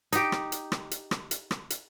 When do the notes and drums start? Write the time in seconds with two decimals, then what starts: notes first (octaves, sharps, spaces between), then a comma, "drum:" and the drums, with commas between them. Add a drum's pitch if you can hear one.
0.12 D#4 G4, drum: hi-hat
0.32 drum: rim click
0.52 drum: hi-hat
0.72 drum: rim click
0.91 drum: hi-hat
1.11 drum: rim click
1.31 drum: hi-hat
1.51 drum: rim click
1.70 drum: hi-hat